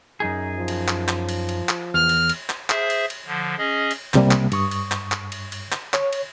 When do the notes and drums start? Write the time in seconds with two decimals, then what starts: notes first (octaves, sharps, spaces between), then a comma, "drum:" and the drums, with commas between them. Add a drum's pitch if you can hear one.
0.20 F#2 D#4 G#4
0.57 F3
0.68 drum: cymbal
0.88 drum: clap
1.08 drum: clap
1.29 drum: cymbal
1.49 drum: cymbal
1.69 drum: clap
1.94 E2 F6
2.09 drum: cymbal
2.29 drum: cymbal
2.50 drum: clap
2.70 G#4 C5 E5, drum: clap
2.90 drum: cymbal
3.10 drum: cymbal
3.26 D3 F3
3.58 C#4 G#4 D#5
3.91 drum: cymbal
4.14 C2 C3 G3 A#3, drum: clap
4.31 drum: clap
4.52 G2 C#6 D#6, drum: cymbal
4.71 drum: cymbal
4.92 drum: clap
5.12 drum: clap
5.32 drum: cymbal
5.52 drum: cymbal
5.72 drum: clap
5.94 C#5, drum: clap
6.13 drum: cymbal